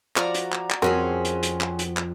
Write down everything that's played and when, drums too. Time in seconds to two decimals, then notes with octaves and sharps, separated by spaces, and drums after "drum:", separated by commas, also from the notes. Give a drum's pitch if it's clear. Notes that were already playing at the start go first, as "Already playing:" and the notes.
0.16 F3 F#4 D5 A#5, drum: clap
0.34 drum: hi-hat
0.52 drum: clap
0.71 drum: clap
0.82 F2 C4 C#4 F#4 G#4 A#4 C6
1.25 drum: hi-hat
1.43 drum: hi-hat
1.61 drum: clap
1.79 drum: hi-hat
1.97 drum: clap